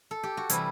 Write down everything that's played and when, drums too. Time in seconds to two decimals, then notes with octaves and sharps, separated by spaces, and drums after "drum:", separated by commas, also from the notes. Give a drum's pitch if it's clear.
0.11 A4
0.23 G4
0.37 F#4
0.49 C3 E3 G3 E4, drum: hi-hat